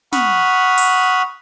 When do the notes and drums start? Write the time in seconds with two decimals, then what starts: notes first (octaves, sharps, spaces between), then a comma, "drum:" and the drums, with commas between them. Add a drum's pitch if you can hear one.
0.12 F#5 B5 C#6 D#6 F6, drum: snare
0.78 drum: open hi-hat